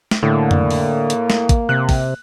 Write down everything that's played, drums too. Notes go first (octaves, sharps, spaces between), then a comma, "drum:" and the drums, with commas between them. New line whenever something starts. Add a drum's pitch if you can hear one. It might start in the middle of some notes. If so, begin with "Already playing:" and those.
drum: snare
A2 D3 A#3
drum: tom F2
drum: open hi-hat
drum: hi-hat
drum: snare
drum: kick, hi-hat
C3 F#6
drum: kick, open hi-hat